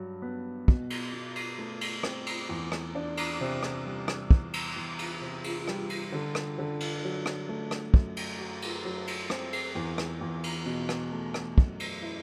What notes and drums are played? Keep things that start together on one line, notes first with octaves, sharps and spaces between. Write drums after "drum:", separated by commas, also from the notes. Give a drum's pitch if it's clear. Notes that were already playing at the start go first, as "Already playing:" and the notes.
Already playing: G2 F#3
B3
B2, drum: kick
drum: cymbal
B2
drum: cymbal
A3
drum: cymbal
C4, drum: rim click
drum: cymbal
E2
drum: rim click
D4
drum: cymbal
C3
drum: rim click
G3
drum: rim click
E2, drum: kick
drum: cymbal
E2
drum: cymbal
C3
drum: cymbal
G3, drum: rim click
drum: cymbal
D3
drum: rim click
D3
drum: cymbal
F#3
drum: rim click
A3
drum: rim click
F#2, drum: kick
drum: cymbal
F#4
drum: cymbal
F#3
drum: cymbal
C4, drum: rim click
drum: cymbal
E2
drum: rim click
E2
drum: cymbal
B2
drum: rim click
A3
drum: rim click
F#2, drum: kick
drum: cymbal
E4